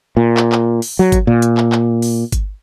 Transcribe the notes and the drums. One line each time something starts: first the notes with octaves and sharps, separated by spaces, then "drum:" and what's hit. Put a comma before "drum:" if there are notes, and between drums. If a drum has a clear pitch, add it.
A#2
drum: clap
drum: clap
drum: open hi-hat
F#3
drum: kick G1, hi-hat
A#2
drum: hi-hat
drum: clap
drum: clap
drum: open hi-hat
drum: kick G1, hi-hat